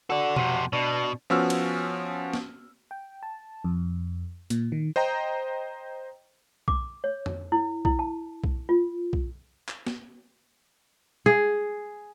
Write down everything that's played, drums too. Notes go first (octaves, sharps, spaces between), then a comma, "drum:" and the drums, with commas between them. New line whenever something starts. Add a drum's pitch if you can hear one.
F#4 A4 D5
F2 C3, drum: tom B2
B2 D4
F3 B3 C#4 F#4 E6 F6
drum: cymbal
drum: snare
G5
A5
F2
A#2, drum: hi-hat
D#3
C5 D#5 G5 A#5
D6, drum: kick B1
C#5
drum: tom F2
E4
E4, drum: kick B1
A5
drum: kick B1
F4
drum: kick B1
drum: clap
drum: snare
G#4